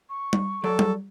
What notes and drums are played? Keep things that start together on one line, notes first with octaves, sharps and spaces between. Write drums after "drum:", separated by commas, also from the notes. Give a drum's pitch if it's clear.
C#6
drum: tom G3
F#3 A4 D5
drum: tom G3